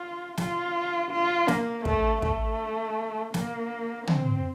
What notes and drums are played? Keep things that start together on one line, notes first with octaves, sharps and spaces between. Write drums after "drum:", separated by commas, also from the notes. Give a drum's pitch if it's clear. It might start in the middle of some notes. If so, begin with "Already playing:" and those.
Already playing: F4
F4, drum: snare
F4
A#3, drum: snare
A3, drum: kick
A3, drum: kick
A#3, drum: snare
C4, drum: tom